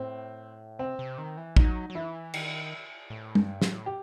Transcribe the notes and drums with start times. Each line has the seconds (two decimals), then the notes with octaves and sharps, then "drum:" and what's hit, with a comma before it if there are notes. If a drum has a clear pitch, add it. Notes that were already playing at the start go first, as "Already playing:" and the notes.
Already playing: A2 C4
0.79 C3 C4
0.99 C3
1.18 D#3
1.37 E3
1.57 F#3 D#4, drum: kick
1.90 F#3
1.95 E3 E4
2.34 D#3, drum: cymbal
3.10 A2
3.35 G2, drum: tom G3
3.62 A2, drum: snare
3.86 G4